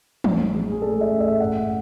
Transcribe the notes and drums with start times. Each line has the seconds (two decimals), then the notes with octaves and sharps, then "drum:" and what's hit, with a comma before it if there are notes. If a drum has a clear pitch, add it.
0.24 A1, drum: tom E3
0.54 G#3
0.72 G#4
0.82 A2 A4
1.01 E5
1.11 A1
1.20 E5
1.40 F#1 F#5